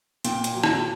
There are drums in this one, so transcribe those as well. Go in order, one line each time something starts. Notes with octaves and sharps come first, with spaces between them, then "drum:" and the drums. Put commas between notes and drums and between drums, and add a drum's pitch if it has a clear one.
A#2 G5, drum: hi-hat
drum: hi-hat
F#3
drum: rim click